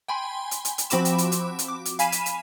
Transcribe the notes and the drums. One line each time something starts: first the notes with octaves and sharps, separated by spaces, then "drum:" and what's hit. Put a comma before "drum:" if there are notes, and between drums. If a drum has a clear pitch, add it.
G5 G#5 B5 C6
drum: hi-hat
drum: hi-hat
drum: hi-hat
F3 C4 F#4 B5 D6 E7, drum: hi-hat
drum: hi-hat
drum: hi-hat
drum: hi-hat
drum: hi-hat
D6
drum: hi-hat
F5 G#5 B5 B6 D#7 E7, drum: hi-hat
drum: hi-hat
drum: hi-hat